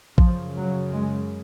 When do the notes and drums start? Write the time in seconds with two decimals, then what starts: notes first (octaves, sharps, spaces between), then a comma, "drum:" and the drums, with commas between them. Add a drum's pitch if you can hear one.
0.18 F#2 C#3 F3, drum: kick
0.55 F#3
0.93 G#3